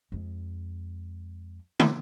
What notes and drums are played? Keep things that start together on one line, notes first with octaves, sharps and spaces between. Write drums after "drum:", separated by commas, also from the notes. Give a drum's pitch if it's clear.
F2 G#3
drum: tom